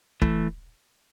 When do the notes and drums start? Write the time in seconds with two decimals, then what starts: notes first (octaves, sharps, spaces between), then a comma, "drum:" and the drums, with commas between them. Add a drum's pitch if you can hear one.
0.22 E3 A3, drum: kick